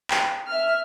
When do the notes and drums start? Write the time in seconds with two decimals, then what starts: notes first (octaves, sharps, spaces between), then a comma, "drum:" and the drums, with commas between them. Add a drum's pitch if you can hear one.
0.11 G5, drum: clap
0.48 E5 F6